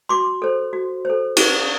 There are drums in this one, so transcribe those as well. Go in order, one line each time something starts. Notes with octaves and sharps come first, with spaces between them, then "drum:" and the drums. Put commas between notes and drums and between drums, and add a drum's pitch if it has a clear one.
F#4 C6 D6
A4 C5
F#4
A4 C5
C#4, drum: cymbal